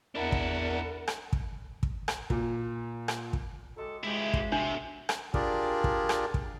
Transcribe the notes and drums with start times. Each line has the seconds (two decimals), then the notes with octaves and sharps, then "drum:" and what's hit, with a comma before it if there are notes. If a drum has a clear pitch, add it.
0.15 E2 D4 E4 A#4 F#5 A5
0.32 drum: kick
1.08 drum: rim click
1.33 drum: kick
1.83 drum: kick
2.08 drum: rim click
2.30 A#2, drum: kick
3.08 drum: rim click
3.33 drum: kick
3.76 F#3 G#3 G4 A4
4.04 C#3 E3 F3 G#3 E4 G4
4.34 drum: kick
4.52 C3 A3 D4 F#4 A4
5.09 drum: rim click
5.34 D4 F4 G4 G#4 A#4 D5, drum: kick
5.84 drum: kick
6.09 drum: rim click
6.34 drum: kick